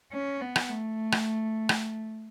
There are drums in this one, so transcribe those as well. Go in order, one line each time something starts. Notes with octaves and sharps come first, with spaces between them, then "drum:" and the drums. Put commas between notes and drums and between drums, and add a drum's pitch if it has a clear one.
C#4
B3
drum: rim click
A3
drum: rim click
drum: rim click